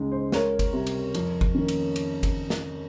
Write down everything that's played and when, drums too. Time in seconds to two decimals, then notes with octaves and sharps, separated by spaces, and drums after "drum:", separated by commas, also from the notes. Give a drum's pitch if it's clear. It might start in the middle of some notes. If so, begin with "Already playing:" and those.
Already playing: C#2 C#3 G#3 D#4
0.12 C5
0.32 C#2 A#4 C#5, drum: snare
0.59 drum: kick G1, cymbal
0.73 C3 G3
0.87 drum: cymbal
1.14 F2, drum: cymbal
1.41 drum: kick G1
1.55 D#3 A#3 C#4
1.68 drum: cymbal
1.96 drum: cymbal
2.23 drum: kick G1, cymbal
2.50 drum: snare